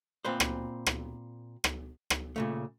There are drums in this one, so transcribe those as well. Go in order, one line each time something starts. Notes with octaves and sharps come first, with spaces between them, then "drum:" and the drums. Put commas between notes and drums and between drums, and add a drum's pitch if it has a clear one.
A#2 C4 B4 C5
drum: rim click
drum: rim click
drum: rim click
drum: rim click
A#2 C#3 A3